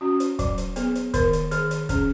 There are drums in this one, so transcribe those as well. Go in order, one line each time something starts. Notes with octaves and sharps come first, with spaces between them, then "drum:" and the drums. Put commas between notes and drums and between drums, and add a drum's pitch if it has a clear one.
C#4 F#4
drum: hi-hat
F#3, drum: kick, hi-hat
drum: hi-hat
B3 G#4, drum: hi-hat
drum: hi-hat
D#3 A#4, drum: kick, hi-hat
drum: hi-hat
D#3 G#4, drum: hi-hat
drum: hi-hat
C#4 G#4, drum: kick, hi-hat